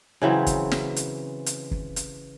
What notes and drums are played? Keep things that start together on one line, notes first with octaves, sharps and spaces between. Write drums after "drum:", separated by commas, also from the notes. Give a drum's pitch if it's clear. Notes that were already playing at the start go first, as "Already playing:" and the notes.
C#3 E3 F#3 C4
drum: kick, hi-hat
drum: snare
drum: hi-hat
drum: hi-hat
drum: kick
drum: hi-hat